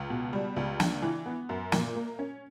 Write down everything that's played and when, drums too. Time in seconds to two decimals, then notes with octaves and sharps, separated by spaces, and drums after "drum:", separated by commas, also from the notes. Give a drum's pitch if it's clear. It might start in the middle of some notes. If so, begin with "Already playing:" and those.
Already playing: C#2
0.10 B2
0.33 G3
0.56 C#2
0.80 D4, drum: snare
1.02 E3
1.26 B3
1.49 F#2
1.72 A#2, drum: snare
1.96 A#3
2.19 C#4